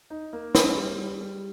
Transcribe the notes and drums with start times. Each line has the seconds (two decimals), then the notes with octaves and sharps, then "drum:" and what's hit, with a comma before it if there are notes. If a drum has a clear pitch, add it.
0.10 D#4
0.33 A#3
0.55 D#4, drum: snare
0.77 G3
0.99 G3
1.21 G3